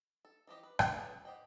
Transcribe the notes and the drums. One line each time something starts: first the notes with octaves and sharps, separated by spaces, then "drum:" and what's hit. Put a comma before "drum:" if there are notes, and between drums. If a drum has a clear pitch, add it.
A4
E3 F3 G4 D#5
B4
C#4 D4 G4 B4 D5, drum: rim click
C#4 F4 G#4 A4 B4
G4 C5 D#5 F#5 G5